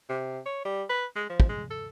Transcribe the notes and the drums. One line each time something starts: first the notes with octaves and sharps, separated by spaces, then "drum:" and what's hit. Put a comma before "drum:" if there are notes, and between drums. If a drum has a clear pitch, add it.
C3
C#5
G3
B4
G#3
F3
drum: kick
G#3
A4